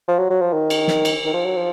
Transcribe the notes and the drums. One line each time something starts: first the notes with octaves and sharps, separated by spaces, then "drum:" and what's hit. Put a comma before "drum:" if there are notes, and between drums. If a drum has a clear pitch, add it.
F3
F#3
F#3
F3
D#3
drum: cymbal
drum: snare
drum: cymbal
D#3
F3
F#3
F3